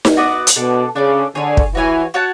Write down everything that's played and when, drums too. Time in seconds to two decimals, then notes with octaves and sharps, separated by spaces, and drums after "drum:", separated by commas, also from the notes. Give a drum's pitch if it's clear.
0.05 drum: snare D#4
0.17 B3 F#4 B4 D5
0.47 drum: hi-hat
0.56 B2 D4 A4 D5
0.96 C#3 D4 A4 D5
1.35 D3 G#4 C#5 G#5
1.57 drum: kick
1.74 E3 F#4 C#5 G#5
2.14 F#4 C#5 F#5 A5